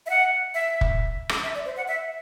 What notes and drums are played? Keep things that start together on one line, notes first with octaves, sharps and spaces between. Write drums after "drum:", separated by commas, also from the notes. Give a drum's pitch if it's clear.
E5
F#5
E5
drum: kick
drum: rim click
E5
D5
C5
F#5
E5